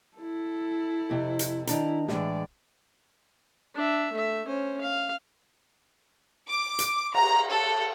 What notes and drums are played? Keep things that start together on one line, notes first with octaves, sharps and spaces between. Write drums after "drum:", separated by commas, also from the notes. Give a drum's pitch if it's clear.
E4 A4
F2 C3
drum: hi-hat
D#3 D4 E4 A#5, drum: hi-hat
A2 E3 G#3 D5, drum: snare
D4 E5
A3 E5
C#4 C5
F5
D6
drum: hi-hat
A#5, drum: cymbal
A4